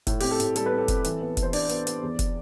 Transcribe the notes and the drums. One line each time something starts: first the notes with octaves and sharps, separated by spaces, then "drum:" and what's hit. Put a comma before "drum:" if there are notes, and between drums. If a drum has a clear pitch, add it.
A2, drum: kick, hi-hat
C4 G4, drum: open hi-hat
A4
A2, drum: hi-hat
G3 A4, drum: hi-hat
B4
C4
A4
C4, drum: kick, hi-hat
E3, drum: hi-hat
B3
E3, drum: kick, hi-hat
C5
D4 D5, drum: open hi-hat
B3, drum: hi-hat
B3, drum: hi-hat
E2
drum: kick, hi-hat